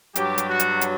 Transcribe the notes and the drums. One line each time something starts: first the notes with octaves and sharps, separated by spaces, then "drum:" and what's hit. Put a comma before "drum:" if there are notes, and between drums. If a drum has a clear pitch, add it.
G2 F#3 G4, drum: hi-hat
drum: hi-hat
F#4
drum: hi-hat
drum: hi-hat